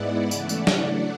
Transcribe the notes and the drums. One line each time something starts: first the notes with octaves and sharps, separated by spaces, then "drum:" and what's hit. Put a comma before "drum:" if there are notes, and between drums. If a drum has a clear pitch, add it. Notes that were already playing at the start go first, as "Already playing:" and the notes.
Already playing: G#2 G#3 B3 E4 D5 F#5
C#3 E3 A3 E4 D5 F#5, drum: tambourine
drum: tambourine
drum: snare
F#3 A3 D4